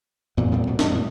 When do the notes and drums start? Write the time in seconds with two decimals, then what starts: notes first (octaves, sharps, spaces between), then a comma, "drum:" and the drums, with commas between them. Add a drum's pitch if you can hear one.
0.37 E2 G2 A#2
0.51 A2 G3 B3 C4
0.67 C2 B2 D3
0.79 F2 C3 G3 G#3, drum: snare
0.93 A2 G3